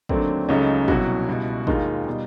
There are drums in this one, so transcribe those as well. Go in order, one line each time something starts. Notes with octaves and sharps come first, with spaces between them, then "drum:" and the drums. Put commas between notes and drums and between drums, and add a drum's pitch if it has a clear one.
D#2 D3 F#3 A3 C4 D4, drum: kick
C#2 C#3 F#3 A3 C#4 D#4
C2 B2 F#3 E4 F#4, drum: kick
C#2 B2 G3
D#2 D#3 G#3 D#4 F4, drum: kick
B2 G3